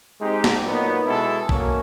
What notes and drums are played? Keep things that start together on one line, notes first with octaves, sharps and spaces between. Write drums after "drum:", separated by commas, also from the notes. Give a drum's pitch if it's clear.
G#3 C4 D#4 G4
drum: snare
A#2 F#3 B3 D#4
B2 G#3 B3 E4 A4
B2 F#3 A#3 C#4 F#4, drum: kick